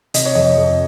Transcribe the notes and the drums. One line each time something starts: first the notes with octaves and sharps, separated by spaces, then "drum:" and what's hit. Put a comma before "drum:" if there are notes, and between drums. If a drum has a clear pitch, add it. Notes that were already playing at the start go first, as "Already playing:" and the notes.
C3 D#5, drum: hi-hat
C#5
F2 D#5
F2